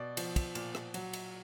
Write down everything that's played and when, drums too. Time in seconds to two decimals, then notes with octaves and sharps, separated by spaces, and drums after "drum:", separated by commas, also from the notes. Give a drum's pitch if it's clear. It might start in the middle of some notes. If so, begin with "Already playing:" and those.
Already playing: B2 D5
0.17 F3, drum: cymbal
0.36 drum: kick, cymbal
0.55 A#2, drum: cymbal
0.75 drum: rim click
0.94 F#3, drum: cymbal
1.13 drum: cymbal